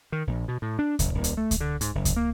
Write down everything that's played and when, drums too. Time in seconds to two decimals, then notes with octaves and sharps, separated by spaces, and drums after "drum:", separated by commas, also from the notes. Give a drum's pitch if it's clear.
0.12 D#3
0.27 A#1
0.48 B2
0.62 A2
0.79 D4
0.99 F#1, drum: kick C#2, hi-hat
1.14 D#1
1.24 drum: hi-hat
1.37 A3
1.51 drum: kick C#2, hi-hat
1.60 D3
1.81 G#2, drum: hi-hat
1.95 F#1
2.05 drum: kick C#2, hi-hat
2.16 A#3